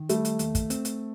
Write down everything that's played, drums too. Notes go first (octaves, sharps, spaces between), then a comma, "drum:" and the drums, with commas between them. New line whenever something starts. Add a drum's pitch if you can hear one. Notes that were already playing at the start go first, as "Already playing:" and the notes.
Already playing: D#3
G3 A3, drum: hi-hat
drum: hi-hat
D#2, drum: hi-hat
drum: kick, hi-hat
C4, drum: hi-hat
drum: hi-hat